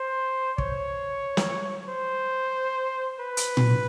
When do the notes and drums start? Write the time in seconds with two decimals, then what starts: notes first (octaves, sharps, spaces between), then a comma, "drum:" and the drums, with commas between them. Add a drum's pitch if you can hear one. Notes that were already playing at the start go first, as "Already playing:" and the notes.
Already playing: C5
0.58 C#5, drum: kick
1.37 drum: snare
1.89 C5
3.20 B4
3.37 drum: hi-hat
3.57 drum: tom A#2